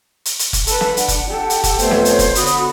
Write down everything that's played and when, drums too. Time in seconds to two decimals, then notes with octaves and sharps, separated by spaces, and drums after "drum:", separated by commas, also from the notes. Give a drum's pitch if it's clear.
0.25 drum: hi-hat
0.39 drum: hi-hat
0.53 drum: kick F1, hi-hat
0.67 A4 B4, drum: hi-hat
0.81 drum: snare
0.97 D4 F#5, drum: hi-hat
1.08 drum: kick F1, hi-hat
1.30 G4 A4
1.50 drum: hi-hat
1.64 drum: kick F1, hi-hat
1.79 F2 A3 B3 C5 C#5, drum: hi-hat
1.91 drum: snare
2.05 drum: hi-hat
2.19 drum: kick F1, hi-hat
2.35 D3 B3 F#4 B5 D#6, drum: hi-hat
2.46 drum: hi-hat